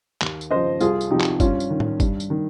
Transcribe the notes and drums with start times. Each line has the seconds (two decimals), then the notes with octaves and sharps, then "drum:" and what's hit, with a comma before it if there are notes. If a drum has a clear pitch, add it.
0.21 D#2, drum: clap
0.41 drum: tambourine
0.50 C#3 C5 D#5
0.55 F3
0.80 C2 F4 G#4, drum: tambourine
1.01 drum: tambourine
1.10 C3 F3 D#4 G4
1.21 drum: clap
1.40 G2 C#4 F4, drum: kick, tambourine
1.60 drum: tambourine
1.70 D#3
1.80 drum: tom A2
2.00 G2, drum: kick, tambourine
2.20 drum: tambourine
2.30 D#3